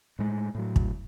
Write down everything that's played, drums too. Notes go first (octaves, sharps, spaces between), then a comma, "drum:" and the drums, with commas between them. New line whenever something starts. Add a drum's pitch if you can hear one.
A2 G#3
A2 F#3
drum: kick